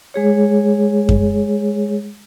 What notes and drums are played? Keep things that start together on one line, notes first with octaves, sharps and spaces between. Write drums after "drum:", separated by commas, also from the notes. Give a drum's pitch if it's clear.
G#3 G#4 C#5
drum: kick F#2